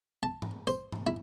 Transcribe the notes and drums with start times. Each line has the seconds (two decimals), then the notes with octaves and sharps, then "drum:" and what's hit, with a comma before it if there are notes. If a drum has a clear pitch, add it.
0.23 A5
0.42 drum: tom G#2
0.67 C5, drum: tambourine
0.92 drum: tom G#2
1.07 E4